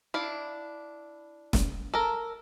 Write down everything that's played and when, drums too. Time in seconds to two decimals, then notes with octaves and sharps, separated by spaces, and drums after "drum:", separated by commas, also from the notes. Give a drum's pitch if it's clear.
0.14 D4 E4 F5
1.53 drum: snare
1.94 A4 A#4